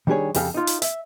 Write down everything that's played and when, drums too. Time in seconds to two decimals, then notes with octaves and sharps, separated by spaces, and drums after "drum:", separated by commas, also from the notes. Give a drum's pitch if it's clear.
0.07 D#3 G3 D4 G4 G#4 C#5
0.35 F2 C#3 G4 A4 F5, drum: open hi-hat
0.54 D#4 F4
0.67 drum: hi-hat
0.82 E5, drum: hi-hat